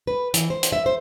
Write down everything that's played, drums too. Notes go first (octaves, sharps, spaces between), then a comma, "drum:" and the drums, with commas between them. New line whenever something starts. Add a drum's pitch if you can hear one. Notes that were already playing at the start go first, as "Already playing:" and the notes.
B4
E3, drum: hi-hat
C5
drum: hi-hat
E5
C5